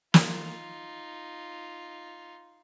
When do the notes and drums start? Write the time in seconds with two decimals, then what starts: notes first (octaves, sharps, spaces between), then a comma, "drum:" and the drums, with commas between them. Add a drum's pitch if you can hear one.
0.14 D#4 F4, drum: snare